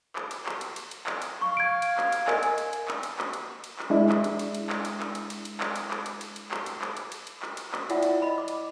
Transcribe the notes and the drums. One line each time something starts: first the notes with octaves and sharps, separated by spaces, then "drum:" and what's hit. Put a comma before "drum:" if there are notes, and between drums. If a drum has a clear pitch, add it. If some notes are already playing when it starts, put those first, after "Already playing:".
drum: clap
drum: cymbal
drum: clap
drum: cymbal
drum: cymbal
drum: cymbal
drum: clap
drum: cymbal
F5 C#6
G#6 D7
drum: cymbal
drum: clap
drum: cymbal
A#4 D#5 G#5, drum: clap
drum: cymbal
drum: cymbal
drum: cymbal
drum: clap
drum: cymbal
drum: clap
drum: cymbal
drum: cymbal
drum: clap
G#3 D4 E4
drum: clap
drum: cymbal
drum: cymbal
drum: cymbal
drum: clap
drum: cymbal
drum: clap
drum: cymbal
drum: cymbal
drum: cymbal
drum: clap
drum: cymbal
drum: clap
drum: cymbal
drum: cymbal
drum: cymbal
drum: clap
drum: cymbal
drum: clap
drum: cymbal
drum: cymbal
drum: cymbal
drum: clap
drum: cymbal
drum: clap
E4 F4 D5 E5 F#5 G5, drum: cymbal
drum: cymbal
D#5 B5
D6
drum: cymbal